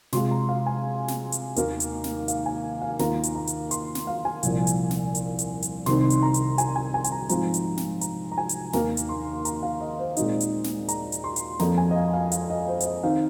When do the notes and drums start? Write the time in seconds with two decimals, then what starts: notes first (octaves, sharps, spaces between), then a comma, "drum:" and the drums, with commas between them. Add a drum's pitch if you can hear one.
0.13 C3 G#3 F4 C6, drum: snare
0.31 A#5
0.49 F5
0.66 G#5
1.08 drum: snare
1.32 drum: hi-hat
1.56 D#2 D#3 A#3, drum: hi-hat
1.80 drum: hi-hat
2.04 drum: snare
2.28 F5, drum: hi-hat
2.46 G#5
2.82 F5
2.99 D#2 D#3 A#3 F4 A#5, drum: snare
3.23 drum: hi-hat
3.35 A#5
3.47 drum: hi-hat
3.71 C6, drum: hi-hat
3.95 drum: snare
4.07 F5
4.25 G#5
4.43 C2 A#2 F3, drum: hi-hat
4.67 drum: hi-hat
4.91 drum: snare
5.15 drum: hi-hat
5.39 drum: hi-hat
5.62 drum: hi-hat
5.86 C2 C3 D#3 C4 D#4 C6, drum: snare
6.10 drum: hi-hat
6.23 A#5
6.34 drum: hi-hat
6.58 G#5, drum: hi-hat
6.76 G#5
6.94 G#5
7.04 G#5, drum: hi-hat
7.12 A#5
7.29 G#2 F3 C4 F4 A#5, drum: hi-hat
7.54 drum: hi-hat
7.78 drum: snare
8.01 A#5, drum: hi-hat
8.32 A#5
8.38 G#5
8.49 drum: hi-hat
8.73 D#2 D#3 A#3 A#5, drum: snare
8.97 drum: hi-hat
9.09 C6
9.45 A#5, drum: hi-hat
9.63 F5
9.81 D#5
9.99 C5
10.17 A#2 G#3 C4 D#4 D#5, drum: hi-hat
10.40 drum: hi-hat
10.64 drum: snare
10.88 A#5, drum: hi-hat
11.12 drum: hi-hat
11.24 C6
11.36 drum: hi-hat
11.60 F2 F3 A#3 A#5, drum: snare
11.78 G#5
11.91 D#5
11.96 F5
12.13 F5
12.32 F5, drum: hi-hat
12.50 D#5
12.67 C5
12.80 C5, drum: hi-hat
12.85 D#5
13.03 D#3 C4 D#4 F5